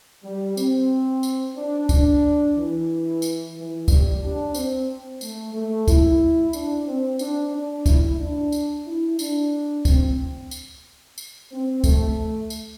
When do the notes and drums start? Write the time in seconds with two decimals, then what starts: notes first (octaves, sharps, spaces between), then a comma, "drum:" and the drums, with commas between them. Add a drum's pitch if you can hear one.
0.24 G3
0.57 C4, drum: tambourine
1.23 drum: tambourine
1.56 D4
1.89 D4, drum: kick, tambourine
2.56 E3
3.22 drum: tambourine
3.56 E3
3.88 G3, drum: kick, tambourine
4.21 D4
4.54 C4, drum: tambourine
5.21 A3, drum: tambourine
5.54 A3
5.88 E4, drum: kick, tambourine
6.53 D4, drum: tambourine
6.87 C4
7.19 D4, drum: tambourine
7.53 D4
7.86 E4, drum: kick, tambourine
8.19 D4
8.52 drum: tambourine
8.86 E4
9.19 D4, drum: tambourine
9.85 C4, drum: kick, tambourine
10.51 drum: tambourine
11.18 drum: tambourine
11.51 C4
11.84 A3, drum: kick, tambourine
12.50 drum: tambourine